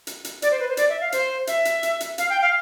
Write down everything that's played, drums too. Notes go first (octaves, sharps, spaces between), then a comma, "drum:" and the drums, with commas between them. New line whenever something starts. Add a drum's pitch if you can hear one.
drum: hi-hat
drum: hi-hat
D5, drum: hi-hat
C5
B4
C5
D5, drum: hi-hat
E5
F5
C5, drum: hi-hat
E5, drum: hi-hat
drum: hi-hat
drum: hi-hat
drum: hi-hat
F5, drum: hi-hat
G5
F5